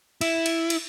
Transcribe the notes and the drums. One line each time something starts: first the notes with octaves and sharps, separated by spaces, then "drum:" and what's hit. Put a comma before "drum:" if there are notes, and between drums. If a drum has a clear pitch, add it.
E4, drum: cymbal
drum: cymbal
drum: cymbal